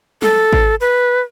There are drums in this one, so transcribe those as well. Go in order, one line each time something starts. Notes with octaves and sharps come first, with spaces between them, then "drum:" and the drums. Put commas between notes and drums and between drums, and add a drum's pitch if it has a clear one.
A4, drum: snare F3
drum: kick G#1
B4